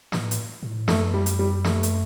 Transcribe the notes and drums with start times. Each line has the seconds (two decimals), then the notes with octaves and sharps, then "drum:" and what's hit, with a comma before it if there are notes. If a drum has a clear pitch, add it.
0.12 A2, drum: snare
0.31 drum: hi-hat
0.63 A2
0.88 F#2 A3, drum: snare
1.14 G3
1.26 drum: hi-hat
1.39 G3
1.64 A3, drum: snare
1.83 drum: hi-hat